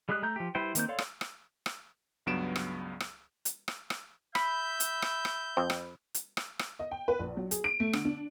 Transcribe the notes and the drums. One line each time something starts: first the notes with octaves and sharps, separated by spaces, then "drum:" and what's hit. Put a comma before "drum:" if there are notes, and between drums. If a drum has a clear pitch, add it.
G3 G#3 G4 D#6 F#6
A3 A#5 G6
F3 G4
G3 E4 B4 C5 G5
D#3 A#3 C4 G6, drum: hi-hat
A4 C#5 D5 F5 C6
drum: rim click
drum: rim click
drum: rim click
C#2 G2 F#3 B3 D7 E7
drum: rim click
drum: rim click
drum: hi-hat
drum: rim click
drum: rim click
E5 B5 G6, drum: rim click
drum: hi-hat
drum: rim click
drum: rim click
F2 C4
drum: rim click
drum: hi-hat
drum: rim click
drum: rim click
D#5
G5
B4
A#1
F#3
G#4, drum: hi-hat
D7
A3
D3, drum: rim click
D4